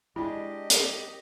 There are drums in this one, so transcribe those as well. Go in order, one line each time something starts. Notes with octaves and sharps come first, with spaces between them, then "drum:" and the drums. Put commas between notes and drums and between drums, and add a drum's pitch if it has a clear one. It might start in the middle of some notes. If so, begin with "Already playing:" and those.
G#3 D4 E4 G4 D#5
drum: hi-hat